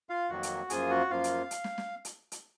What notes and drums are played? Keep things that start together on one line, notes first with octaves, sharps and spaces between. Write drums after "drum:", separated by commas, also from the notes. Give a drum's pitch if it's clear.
F4 F5
F2 D#3 F#3 A#3 F#4 F#5
drum: hi-hat
F#2 F3 A#3 F4 G#4 G#5, drum: hi-hat
F#4 F#5
F#2 F3 A#3 F4 F5
drum: hi-hat
drum: hi-hat
drum: snare
drum: snare
drum: hi-hat
drum: hi-hat